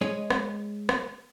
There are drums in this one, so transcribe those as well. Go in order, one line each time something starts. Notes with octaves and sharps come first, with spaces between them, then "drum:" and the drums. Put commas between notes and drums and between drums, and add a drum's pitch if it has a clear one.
G#3 G#4 C#5 D#5
drum: rim click
drum: rim click